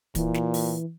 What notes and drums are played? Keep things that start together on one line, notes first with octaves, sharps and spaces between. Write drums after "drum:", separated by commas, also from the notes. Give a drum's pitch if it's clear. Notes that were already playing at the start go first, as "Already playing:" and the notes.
A#2 E3, drum: kick, hi-hat
drum: snare
drum: open hi-hat